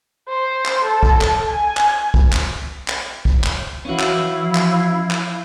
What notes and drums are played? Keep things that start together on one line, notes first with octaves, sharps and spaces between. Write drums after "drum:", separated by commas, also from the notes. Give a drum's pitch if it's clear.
C5
drum: clap
A4
drum: kick
drum: clap
G#5
drum: clap
drum: kick
drum: clap
drum: clap
drum: kick
drum: clap
E3 C#4 E4 F#4 F5
drum: clap
F3
drum: clap
drum: clap